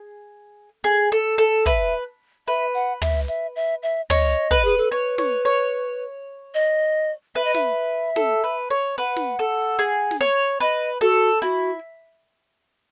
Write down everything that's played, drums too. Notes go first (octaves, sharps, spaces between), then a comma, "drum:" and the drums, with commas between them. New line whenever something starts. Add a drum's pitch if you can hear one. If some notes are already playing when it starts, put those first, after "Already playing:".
Already playing: G#4
G#4, drum: open hi-hat
A4
A4
B4 E5, drum: kick
B4 E5
F#5
E5, drum: tom
E5, drum: hi-hat
E5
E5
C#5 D#5, drum: tom
B4, drum: kick
G#4
A4
B4 C#5
C#5, drum: snare
C#5
D#5
B4 E5
D#5
E5, drum: snare
A4, drum: snare
B4
C#5, drum: open hi-hat
B4 F#5
drum: snare
A4
G#4
drum: snare
C#5
B4 D#5
F#4 A4
E4 F#4